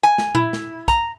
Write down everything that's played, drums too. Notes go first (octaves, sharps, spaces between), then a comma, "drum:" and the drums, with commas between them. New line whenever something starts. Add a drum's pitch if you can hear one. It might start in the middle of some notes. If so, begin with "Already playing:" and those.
G#5
drum: snare
E4, drum: tom A#2
drum: snare
A#5, drum: kick, hi-hat